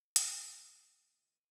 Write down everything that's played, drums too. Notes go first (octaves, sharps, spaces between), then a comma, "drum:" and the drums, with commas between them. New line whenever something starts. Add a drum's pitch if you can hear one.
C#2 E3, drum: hi-hat
B2 A#3 F4
D#7
C#2 E3